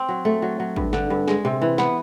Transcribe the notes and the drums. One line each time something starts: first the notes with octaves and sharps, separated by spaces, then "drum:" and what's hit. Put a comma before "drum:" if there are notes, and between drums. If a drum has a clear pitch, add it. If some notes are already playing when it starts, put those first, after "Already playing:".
Already playing: C4
F#3
A3
F#3
F#3
G2, drum: kick
D3, drum: snare
G2
G#3, drum: snare
C3
E3
B3, drum: snare